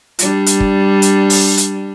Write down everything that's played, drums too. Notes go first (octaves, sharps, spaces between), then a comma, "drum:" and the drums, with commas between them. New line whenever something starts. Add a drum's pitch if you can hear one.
G3 D4, drum: hi-hat
drum: hi-hat
drum: kick
drum: hi-hat
drum: open hi-hat
drum: hi-hat